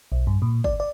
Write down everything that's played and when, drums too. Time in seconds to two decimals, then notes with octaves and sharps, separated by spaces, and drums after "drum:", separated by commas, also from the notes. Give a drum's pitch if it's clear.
0.12 B1
0.27 G2
0.42 A#2
0.64 D5, drum: kick G1
0.80 D5